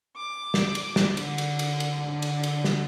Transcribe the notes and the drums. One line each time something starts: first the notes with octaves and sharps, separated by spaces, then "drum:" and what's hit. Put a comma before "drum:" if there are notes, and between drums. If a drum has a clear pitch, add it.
D6
drum: snare
drum: cymbal
drum: snare
D3, drum: cymbal
drum: cymbal
drum: cymbal
drum: cymbal
D3
drum: cymbal
drum: cymbal
drum: snare